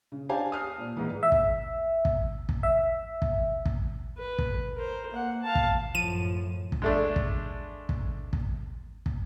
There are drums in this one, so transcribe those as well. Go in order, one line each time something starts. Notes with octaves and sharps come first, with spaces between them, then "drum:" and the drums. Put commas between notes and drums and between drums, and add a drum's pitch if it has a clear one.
C#3
D4 G4 C5 F5 G#5 A5
D#6 F6 C7
A#2
A#1 G#2 E3
E5
drum: kick
drum: kick
drum: kick
E5
drum: kick
drum: kick
B4
drum: kick
A#4 C5
A#3 F#5
F5 A5
drum: kick
F#2 A2 F3 D#7
drum: kick
G#3 A3 D4
drum: kick
drum: kick
drum: kick
drum: kick